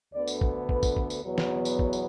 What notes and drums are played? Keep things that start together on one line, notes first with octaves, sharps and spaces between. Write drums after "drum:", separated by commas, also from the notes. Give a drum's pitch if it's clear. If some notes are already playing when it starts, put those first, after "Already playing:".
D2 D3 B3 D5
drum: tambourine
drum: kick
B4, drum: kick
drum: kick, tambourine
drum: kick
drum: tambourine
E2 B2 F#3 B3
drum: snare
drum: tambourine
drum: kick
drum: tambourine